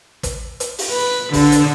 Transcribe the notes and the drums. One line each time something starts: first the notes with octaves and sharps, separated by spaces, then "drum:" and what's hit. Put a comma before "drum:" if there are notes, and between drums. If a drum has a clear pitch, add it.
drum: kick, hi-hat
drum: hi-hat
drum: open hi-hat
B4
D3, drum: kick, open hi-hat
drum: hi-hat